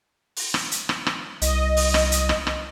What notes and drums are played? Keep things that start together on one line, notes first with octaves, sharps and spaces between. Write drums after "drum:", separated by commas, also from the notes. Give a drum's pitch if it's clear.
drum: open hi-hat
drum: rim click
drum: hi-hat
drum: rim click
drum: rim click
C2 D#5, drum: hi-hat
drum: open hi-hat
drum: rim click
drum: hi-hat
drum: rim click
drum: rim click